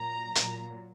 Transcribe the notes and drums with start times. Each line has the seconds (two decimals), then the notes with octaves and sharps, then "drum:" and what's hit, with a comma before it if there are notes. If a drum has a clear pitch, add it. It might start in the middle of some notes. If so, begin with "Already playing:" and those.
Already playing: A#2 F#3 A#5
0.35 A#2 F#3, drum: hi-hat